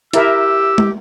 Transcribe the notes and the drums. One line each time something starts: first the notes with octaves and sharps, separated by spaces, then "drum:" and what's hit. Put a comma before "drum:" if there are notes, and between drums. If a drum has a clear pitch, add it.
E4 G4 A#4 E5 E6, drum: hi-hat
drum: tom